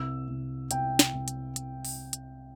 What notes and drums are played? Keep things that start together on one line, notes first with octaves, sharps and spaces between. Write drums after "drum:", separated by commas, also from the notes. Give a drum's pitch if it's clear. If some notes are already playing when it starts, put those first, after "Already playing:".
Already playing: C2 E6
C2
C2 G5, drum: hi-hat
drum: snare
C2
drum: hi-hat
drum: hi-hat
drum: open hi-hat
drum: hi-hat